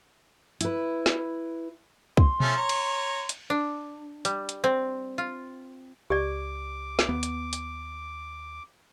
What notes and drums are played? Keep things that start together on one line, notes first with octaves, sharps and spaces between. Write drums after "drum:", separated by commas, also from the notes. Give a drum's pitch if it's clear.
E4 B4, drum: hi-hat
drum: snare
C6, drum: kick
F3 A3 C#4, drum: tom B2
C#5 A#5
drum: cymbal
drum: hi-hat
D4
G3, drum: hi-hat
drum: hi-hat
C4
F4
C#2 G4 D5 D6
drum: snare
D#2 B3
drum: hi-hat
drum: hi-hat